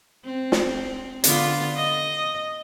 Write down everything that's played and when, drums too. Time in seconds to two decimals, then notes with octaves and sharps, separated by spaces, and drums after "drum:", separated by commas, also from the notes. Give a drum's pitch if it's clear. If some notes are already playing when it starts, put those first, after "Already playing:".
0.25 C4
0.52 drum: snare
1.24 D3 B3 F4, drum: hi-hat
1.76 D#5